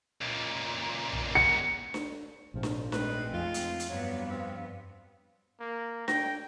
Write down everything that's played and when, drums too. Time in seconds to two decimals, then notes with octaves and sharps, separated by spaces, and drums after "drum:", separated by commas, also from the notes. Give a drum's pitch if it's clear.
0.21 C#2 A#2
1.12 drum: tom A#1
1.35 C#7
1.94 drum: snare D4
2.54 A#1 G#2 C3 F3
2.63 drum: snare D4
2.92 G#3 A3 C4 D#4 B4, drum: snare D4
3.33 F2 F4
3.54 drum: hi-hat
3.80 drum: hi-hat
3.89 G2 F#3 B3 F5
4.30 C4
5.60 A#3
6.08 G5 A#6, drum: snare D4